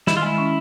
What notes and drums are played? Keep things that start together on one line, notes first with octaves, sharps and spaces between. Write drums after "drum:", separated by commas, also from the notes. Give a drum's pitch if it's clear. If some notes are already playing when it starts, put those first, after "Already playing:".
D#3 E4, drum: snare
F4
G#3 E4
C#4